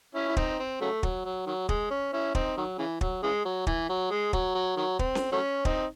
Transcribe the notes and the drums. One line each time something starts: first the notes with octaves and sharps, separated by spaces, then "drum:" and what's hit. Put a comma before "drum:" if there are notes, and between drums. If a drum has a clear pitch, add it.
C#4 E4
E4
C4 D#4, drum: kick
C4
C#3 F#3 A3
F#3, drum: kick
F#3
D#3 F#3
G#3, drum: kick
C#4
C#4 E4
C4 D#4, drum: kick
D#3 F#3
C#3 E3
F#3, drum: kick
C#3 E3 G#3
F#3
E3, drum: kick
F#3
G#3
F#3, drum: kick
F#3
D#3 F#3
C4, drum: kick
drum: snare C#4
F#3 A3 C#4
C4 D#4, drum: kick